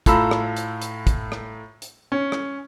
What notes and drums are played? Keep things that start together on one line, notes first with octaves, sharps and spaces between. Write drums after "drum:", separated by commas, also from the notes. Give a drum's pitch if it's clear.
A2 F4 A4 A#5 B5 E6, drum: kick, hi-hat
drum: rim click
drum: hi-hat
drum: hi-hat
drum: kick, hi-hat
drum: rim click
drum: hi-hat
C#4
drum: rim click